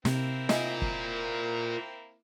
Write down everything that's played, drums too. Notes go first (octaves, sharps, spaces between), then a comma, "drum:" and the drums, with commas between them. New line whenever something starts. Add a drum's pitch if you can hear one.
C3 A#3 C4 E4, drum: snare
F4 A#4 D#5 E5 G#5, drum: snare
drum: kick